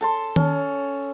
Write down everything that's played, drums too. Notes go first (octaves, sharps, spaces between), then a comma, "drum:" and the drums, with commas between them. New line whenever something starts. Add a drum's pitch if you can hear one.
A4 A5 C6
C#4, drum: tom D#3